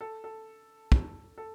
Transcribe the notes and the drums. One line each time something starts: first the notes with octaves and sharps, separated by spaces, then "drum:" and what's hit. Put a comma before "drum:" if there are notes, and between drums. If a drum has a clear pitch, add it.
A4
A4
drum: kick
A4